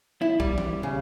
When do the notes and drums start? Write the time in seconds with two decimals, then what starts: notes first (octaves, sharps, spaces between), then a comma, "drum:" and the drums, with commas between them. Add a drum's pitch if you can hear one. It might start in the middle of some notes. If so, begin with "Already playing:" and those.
0.22 E4
0.40 G3, drum: kick B1
0.58 drum: tom E3
0.83 C#3